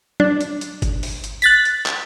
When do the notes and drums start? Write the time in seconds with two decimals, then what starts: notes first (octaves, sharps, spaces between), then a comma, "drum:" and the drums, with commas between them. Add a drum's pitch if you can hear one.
0.20 D4, drum: tom F#3
0.41 drum: hi-hat
0.61 drum: hi-hat
0.82 drum: kick, hi-hat
1.03 drum: open hi-hat
1.24 drum: hi-hat
1.42 F#6 A6 B6, drum: hi-hat
1.65 drum: hi-hat
1.86 drum: clap